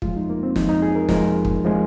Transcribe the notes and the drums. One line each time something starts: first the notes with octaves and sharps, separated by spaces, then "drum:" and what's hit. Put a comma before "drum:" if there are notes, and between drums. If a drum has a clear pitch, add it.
F2 F3 G#3 F4, drum: kick
D#4
A#3
C4
F2 F3 G#3 D#4, drum: snare
D#4
G#4
A#4
F2 F3 G#3 A#4, drum: snare
drum: kick
F3 G#3